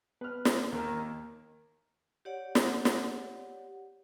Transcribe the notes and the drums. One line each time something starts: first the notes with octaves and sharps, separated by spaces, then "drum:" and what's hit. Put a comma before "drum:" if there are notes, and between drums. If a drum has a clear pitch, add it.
B3 B4 F6
drum: snare
D#2 D#3 A#3 A#4
G4 C#5 D5 F#5
drum: snare
drum: snare